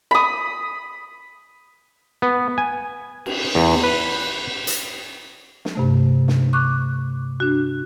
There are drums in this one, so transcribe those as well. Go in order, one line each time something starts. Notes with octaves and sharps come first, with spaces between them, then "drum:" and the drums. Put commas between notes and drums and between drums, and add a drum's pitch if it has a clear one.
B5 D#6
B3
G#5
drum: cymbal
E2
B4
drum: hi-hat
drum: snare
G2 C3 A3
drum: snare
C#6 D6 F#6
D4 F#4